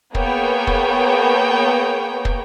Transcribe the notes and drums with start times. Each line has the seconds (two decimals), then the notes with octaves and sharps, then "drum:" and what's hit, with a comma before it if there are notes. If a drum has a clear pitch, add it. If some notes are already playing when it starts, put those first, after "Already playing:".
0.15 A#3 B3 G#4 C#5 G5, drum: kick
0.67 drum: kick
2.25 drum: kick